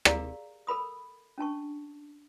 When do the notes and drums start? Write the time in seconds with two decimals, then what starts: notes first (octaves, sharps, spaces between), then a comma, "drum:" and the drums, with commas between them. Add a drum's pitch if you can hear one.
0.05 G4 G#4 A#4 D5 F5 A#5, drum: rim click
0.67 A4 A#4 B5 D#6
1.38 C#4 D4 A5 C#6